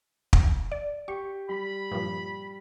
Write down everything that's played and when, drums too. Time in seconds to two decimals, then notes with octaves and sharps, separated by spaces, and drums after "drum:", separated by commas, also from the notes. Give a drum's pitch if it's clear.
0.33 drum: kick
0.72 D5
1.08 G4 C#6
1.49 G3 B5
1.92 G2 A#2 F3